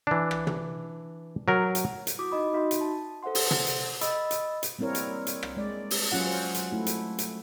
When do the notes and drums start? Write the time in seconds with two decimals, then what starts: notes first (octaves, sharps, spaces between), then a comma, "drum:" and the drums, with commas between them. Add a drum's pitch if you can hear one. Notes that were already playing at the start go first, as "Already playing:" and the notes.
0.07 E3 D4
0.31 drum: rim click
0.47 drum: tom
1.48 F#3 A#4
1.75 drum: hi-hat
2.07 drum: hi-hat
2.19 E4 F#4 D6 D#6
2.31 D#4 D#5 B5 D#6
2.53 D#4 F#4 E5 B5 C6
2.71 drum: hi-hat
2.81 A5
3.23 A4 C5 E5 F#5 C6
3.35 drum: open hi-hat
3.51 drum: tom
3.67 drum: hi-hat
4.01 D#5 B5 D#6 E6 A6, drum: hi-hat
4.31 drum: hi-hat
4.63 drum: hi-hat
4.79 G3 A#3 C4 E4 A#4 C#5
4.95 drum: hi-hat
5.27 drum: hi-hat
5.43 drum: rim click
5.57 G#3 D5
5.91 drum: open hi-hat
6.12 F#3 C#4 F4 F#5
6.27 C5
6.55 drum: hi-hat
6.72 A3 E4
6.87 drum: hi-hat
7.18 drum: hi-hat